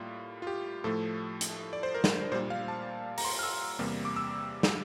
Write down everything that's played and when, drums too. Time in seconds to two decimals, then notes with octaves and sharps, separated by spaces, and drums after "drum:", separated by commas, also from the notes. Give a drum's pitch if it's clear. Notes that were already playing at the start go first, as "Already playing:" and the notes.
Already playing: A2 G3 A#3 F4
0.42 F4
0.47 G4
0.84 A2 F3 A3 A4
1.41 drum: hi-hat
1.73 D5
1.83 C5
1.94 A#4
2.04 drum: snare
2.31 A#2 G3 A#3 C5
2.50 F5
2.68 A5
3.18 A#5, drum: open hi-hat
3.25 C6
3.39 F6
3.43 E6
3.79 E2 C3 G3 A#3
4.05 D6
4.16 E6
4.63 drum: snare